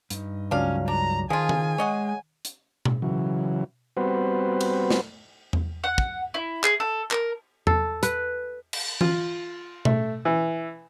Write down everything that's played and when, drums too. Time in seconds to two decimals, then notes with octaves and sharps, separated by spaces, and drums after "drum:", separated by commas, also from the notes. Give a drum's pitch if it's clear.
0.10 G2 D#4, drum: hi-hat
0.51 C#2 F#3 C#4 D4 F5
0.88 D4 A#5
1.30 D#3 F3 F4 G#4 G#5
1.49 drum: tom D#3
1.78 G#3 C#5 D#5 F#5
2.45 drum: hi-hat
2.85 drum: tom B2
3.02 C#3 E3 F#3
3.97 G3 B3 C4 F#4 B4 C5
4.61 drum: cymbal
4.90 drum: snare
5.53 drum: tom E2
5.84 F#5
5.98 drum: kick
6.34 E4
6.64 G#4, drum: clap
6.80 A4
7.11 A#4, drum: clap
7.67 A4, drum: tom E2
8.03 B4, drum: hi-hat
8.73 drum: cymbal
9.01 F4, drum: tom E3
9.85 A3, drum: tom B2
10.25 E3